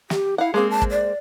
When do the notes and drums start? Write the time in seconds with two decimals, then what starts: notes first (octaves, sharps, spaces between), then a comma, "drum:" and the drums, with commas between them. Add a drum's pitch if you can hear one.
0.10 G4, drum: snare
0.38 E4 F5 F#5
0.54 G#3 A#3 C4 G#4
0.70 A5
0.82 drum: kick
0.91 D5